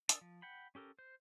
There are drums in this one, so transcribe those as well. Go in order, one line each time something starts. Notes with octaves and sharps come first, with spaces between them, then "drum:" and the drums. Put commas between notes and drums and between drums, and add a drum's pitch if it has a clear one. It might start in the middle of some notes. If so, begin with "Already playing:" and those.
D4 A#4 D5 D#6 E6, drum: hi-hat
F3
F#5 G5 B5
C#4 G4 A4 A#4
C5